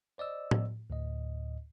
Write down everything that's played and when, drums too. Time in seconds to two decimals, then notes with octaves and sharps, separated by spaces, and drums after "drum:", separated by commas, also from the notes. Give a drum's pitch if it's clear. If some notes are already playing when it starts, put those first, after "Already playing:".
0.18 C5 D5 D#5 E6
0.51 drum: tom A2
0.90 D2 A2 D#5